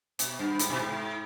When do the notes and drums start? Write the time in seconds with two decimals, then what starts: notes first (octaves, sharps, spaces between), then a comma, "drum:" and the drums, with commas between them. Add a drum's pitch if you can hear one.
0.19 B2, drum: hi-hat
0.39 G2
0.59 G#2, drum: hi-hat
0.70 B2
0.79 G#2